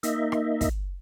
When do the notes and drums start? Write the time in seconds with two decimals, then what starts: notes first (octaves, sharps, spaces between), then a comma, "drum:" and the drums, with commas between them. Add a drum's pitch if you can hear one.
0.03 A#3 D#4 D#5 E5, drum: hi-hat
0.32 drum: rim click
0.61 drum: kick, hi-hat